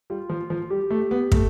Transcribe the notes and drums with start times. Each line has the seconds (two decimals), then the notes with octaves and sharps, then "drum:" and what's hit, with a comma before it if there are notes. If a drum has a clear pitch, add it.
0.10 G3 F4
0.29 F3
0.50 F3
0.70 G3 G4
0.90 A3
1.11 B3
1.32 A3, drum: kick